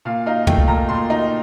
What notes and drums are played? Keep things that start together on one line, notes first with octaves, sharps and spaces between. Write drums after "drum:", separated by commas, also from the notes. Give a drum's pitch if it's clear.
A#2 F5
D#4 F5
A3 G5, drum: tom
drum: kick C#2
A#2 A#5
A#2 C6
D#4